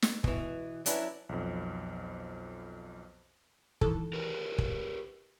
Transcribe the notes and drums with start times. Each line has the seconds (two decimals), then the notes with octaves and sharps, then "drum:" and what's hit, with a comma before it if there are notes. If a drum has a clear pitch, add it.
0.02 drum: snare
0.24 B2 E3, drum: kick
0.86 F#3 C#4 D4 E4 B4, drum: hi-hat
1.29 B1 F2
3.81 D#3 E3 A4, drum: kick
4.13 G4 A#4 B4
4.58 drum: kick